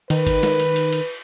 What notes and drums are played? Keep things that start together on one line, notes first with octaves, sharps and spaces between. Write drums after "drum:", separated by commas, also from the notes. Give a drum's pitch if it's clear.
D#3 B4, drum: cymbal
drum: kick, cymbal
drum: snare
drum: cymbal
drum: cymbal
drum: cymbal